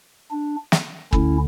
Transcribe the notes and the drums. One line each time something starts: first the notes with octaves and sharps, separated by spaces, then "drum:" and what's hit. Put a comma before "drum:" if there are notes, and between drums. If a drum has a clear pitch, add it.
D4
drum: snare
D2 D3 C#4 E4, drum: kick